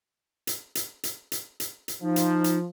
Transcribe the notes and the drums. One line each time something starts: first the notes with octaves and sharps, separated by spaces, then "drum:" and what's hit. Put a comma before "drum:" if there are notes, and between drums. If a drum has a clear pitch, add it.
drum: hi-hat
drum: hi-hat
drum: hi-hat
drum: hi-hat
drum: hi-hat
drum: hi-hat
F3 D#4
drum: hi-hat
drum: hi-hat